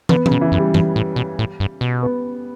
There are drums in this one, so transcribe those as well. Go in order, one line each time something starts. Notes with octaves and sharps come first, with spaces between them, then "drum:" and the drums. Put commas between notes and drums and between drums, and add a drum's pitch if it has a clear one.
D3 B3, drum: tom
C#3, drum: tom E3
B2
E3
F#2
G3
G2, drum: tom E3
A2
B2
A2
G2
B2
B3